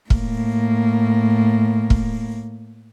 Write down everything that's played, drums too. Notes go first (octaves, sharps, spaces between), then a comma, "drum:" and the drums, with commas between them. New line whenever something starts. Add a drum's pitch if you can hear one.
A2 A#3, drum: kick
drum: kick